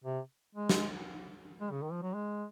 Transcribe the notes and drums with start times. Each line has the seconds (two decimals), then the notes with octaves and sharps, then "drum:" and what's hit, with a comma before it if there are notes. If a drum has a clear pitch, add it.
0.04 C3
0.55 G#3
0.69 drum: snare
1.61 G#3
1.71 C#3
1.83 D#3
1.92 F3
2.02 F#3
2.14 G#3